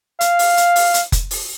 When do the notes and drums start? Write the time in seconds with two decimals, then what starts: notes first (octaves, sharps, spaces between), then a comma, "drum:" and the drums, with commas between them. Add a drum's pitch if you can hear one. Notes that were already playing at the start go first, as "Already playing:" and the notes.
0.21 F5, drum: hi-hat
0.39 drum: open hi-hat
0.57 drum: hi-hat
0.76 drum: open hi-hat
0.94 drum: hi-hat
1.12 drum: kick F1, hi-hat
1.31 drum: open hi-hat